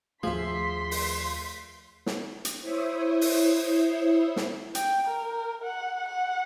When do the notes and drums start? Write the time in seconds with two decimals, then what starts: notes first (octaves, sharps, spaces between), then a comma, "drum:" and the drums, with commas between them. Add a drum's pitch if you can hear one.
0.23 D#2 F3 A3 G#4 E5 C6 B6
0.91 drum: open hi-hat
2.06 drum: snare
2.45 drum: hi-hat
2.61 E4 C5 C#5 E5 D#6
3.21 drum: open hi-hat
4.36 drum: snare
4.75 G5, drum: hi-hat
5.07 A#4
5.64 F#5
6.08 F#5